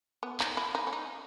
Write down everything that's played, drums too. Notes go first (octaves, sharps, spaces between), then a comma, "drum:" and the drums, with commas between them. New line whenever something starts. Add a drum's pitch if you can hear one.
B3
D#4, drum: clap
E4
D#4
C#4
D#4